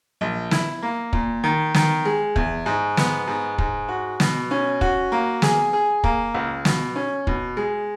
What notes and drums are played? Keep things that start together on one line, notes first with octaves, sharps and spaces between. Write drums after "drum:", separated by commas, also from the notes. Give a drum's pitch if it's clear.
A#1
E4, drum: snare
A#3
A#2, drum: kick
D#3
D#3, drum: snare
G#3
E2, drum: kick
G#2
B3, drum: snare
G#2
G#2, drum: kick
F#4
B2, drum: snare
C#4
F#4, drum: kick
A#3
G#4, drum: snare
G#4
A#3, drum: kick
C#2
B2, drum: snare
C#4
B2, drum: kick
G#3